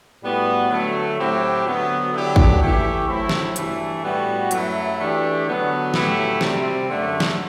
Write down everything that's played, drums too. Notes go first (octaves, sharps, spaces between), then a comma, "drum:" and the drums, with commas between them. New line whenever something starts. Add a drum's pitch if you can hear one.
A2 G3 B3 F#4
D3 F#3 A3
A2 F#3 C4 E4 G4
D3 F#3 B3
D3 F#3 B3 E4 G4
drum: kick
E3 A3 E4 G4
F#3 A3 C4 E4
drum: snare
G2 E3 A3, drum: hi-hat
A2 G3 B3 F#4
F#2 F#3 A3 E4, drum: hi-hat
E3 A3 D4 G4
D3 F#3 B3
A2 F#3 A3 E4 G4, drum: snare
C3 G3 C4, drum: snare
F#2 D3 A3
drum: snare